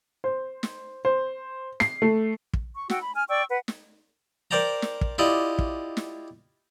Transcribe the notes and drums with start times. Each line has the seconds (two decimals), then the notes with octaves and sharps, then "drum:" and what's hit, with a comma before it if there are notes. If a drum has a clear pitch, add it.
0.24 C5
0.63 drum: snare
1.05 C5
1.80 C7, drum: snare
2.02 A3
2.54 drum: kick
2.76 C#6
2.90 F#4 G5 E6, drum: snare
3.02 B5
3.15 G#5 F6
3.28 D5 G5 C#6 E6
3.49 B4 F#5
3.68 drum: snare
4.51 A#4 C5 D5 G5 A5 A#5
4.82 drum: snare
5.01 drum: kick
5.18 E4 F4 G4 D5 D#5
5.59 drum: kick
5.97 drum: snare